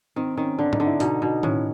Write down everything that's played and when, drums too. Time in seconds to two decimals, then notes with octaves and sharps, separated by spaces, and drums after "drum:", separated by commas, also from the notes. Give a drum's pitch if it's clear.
0.16 D#3 C4
0.37 D#3 C#4
0.58 D3 D4
0.73 D#4, drum: tom G#2
0.80 D3
0.86 E4
1.00 B2 D#4, drum: hi-hat
1.22 B2 D#4
1.43 A2 C#4, drum: tom D#3